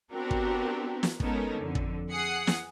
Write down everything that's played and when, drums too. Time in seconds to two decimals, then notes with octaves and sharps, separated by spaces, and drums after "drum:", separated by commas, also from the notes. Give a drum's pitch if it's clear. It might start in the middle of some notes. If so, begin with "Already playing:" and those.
0.13 B3 C4 D4 F#4 G4 A#4
0.31 drum: kick
1.03 drum: snare
1.20 G#3 B3 C#4 D#4 A4 A#4, drum: kick
1.58 F2 D3
1.75 drum: kick
2.12 G#4 F#5 D#6 F#6 C7 C#7
2.47 drum: snare